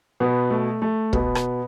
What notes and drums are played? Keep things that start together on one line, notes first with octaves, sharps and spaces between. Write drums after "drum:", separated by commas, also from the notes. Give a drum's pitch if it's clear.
B2 B3
A3
A3
B2 B3, drum: kick
drum: rim click